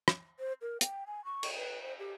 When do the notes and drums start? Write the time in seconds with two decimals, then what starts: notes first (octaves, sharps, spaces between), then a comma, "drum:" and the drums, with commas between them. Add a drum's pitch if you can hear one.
0.08 drum: rim click
0.40 C5
0.62 A#4
0.81 G5, drum: hi-hat
1.07 G#5
1.25 C#6
1.43 drum: cymbal
1.56 B4
1.82 C5
1.99 G4